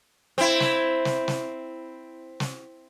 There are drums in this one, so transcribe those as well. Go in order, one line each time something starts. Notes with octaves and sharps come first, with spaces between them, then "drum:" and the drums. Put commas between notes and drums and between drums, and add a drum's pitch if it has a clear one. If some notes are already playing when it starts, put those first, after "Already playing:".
C4 E4
drum: snare
drum: snare
drum: snare
drum: snare